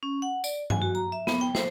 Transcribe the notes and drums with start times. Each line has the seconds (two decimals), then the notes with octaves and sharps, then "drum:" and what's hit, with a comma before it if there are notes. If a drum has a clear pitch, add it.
0.03 C#4
0.22 F#5
0.44 D5, drum: tambourine
0.70 G#5, drum: tom G2
0.82 F#4
0.95 A#5
1.12 E5
1.27 B3, drum: snare
1.41 G5
1.55 C5, drum: snare